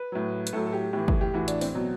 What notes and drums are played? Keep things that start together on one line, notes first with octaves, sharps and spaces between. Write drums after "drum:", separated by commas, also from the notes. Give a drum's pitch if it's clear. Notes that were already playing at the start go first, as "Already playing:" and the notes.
Already playing: B4
A2 F#3
B4, drum: hi-hat
A2 F#3 A4
A4
G4
A2 E3 G4
drum: kick
G4
A2 E3 F#4
D4, drum: hi-hat
C4, drum: open hi-hat
B2 F#3